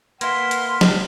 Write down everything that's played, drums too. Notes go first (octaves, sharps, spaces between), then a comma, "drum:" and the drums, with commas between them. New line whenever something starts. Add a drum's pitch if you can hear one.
A#3 E4 B4 F5 F#5 C6, drum: hi-hat
drum: hi-hat
drum: snare